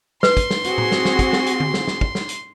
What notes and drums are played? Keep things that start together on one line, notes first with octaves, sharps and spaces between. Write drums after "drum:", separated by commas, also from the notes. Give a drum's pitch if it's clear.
B4 C6, drum: snare
drum: kick, hi-hat
drum: snare
C4 F#4 G#4, drum: hi-hat
drum: tom A2
drum: snare
drum: snare
drum: kick, hi-hat
drum: snare
drum: hi-hat
drum: tom D3
drum: snare
drum: snare
drum: kick
drum: snare
drum: hi-hat